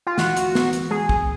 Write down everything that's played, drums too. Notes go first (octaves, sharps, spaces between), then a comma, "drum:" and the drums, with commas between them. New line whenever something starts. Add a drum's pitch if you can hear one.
F4
E3 F#4, drum: snare
drum: hi-hat
B3, drum: snare
drum: hi-hat
G#3 G#4
drum: kick